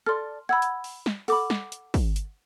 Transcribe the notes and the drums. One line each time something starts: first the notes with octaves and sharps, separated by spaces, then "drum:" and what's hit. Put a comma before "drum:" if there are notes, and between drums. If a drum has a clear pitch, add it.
A4 D5 C6 F6
F#5 B5 E6 G#6
drum: hi-hat
drum: open hi-hat
drum: snare
A4 F#5 B5 D6, drum: open hi-hat
drum: snare
drum: hi-hat
drum: kick, open hi-hat
drum: hi-hat